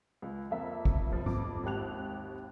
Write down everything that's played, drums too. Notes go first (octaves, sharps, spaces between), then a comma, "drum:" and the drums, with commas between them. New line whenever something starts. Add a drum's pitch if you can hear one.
C#2
F2 A#3 E5
drum: kick
F1 F3
F2 D6, drum: tom G#2
G#1 D#2 G4 F#6 F7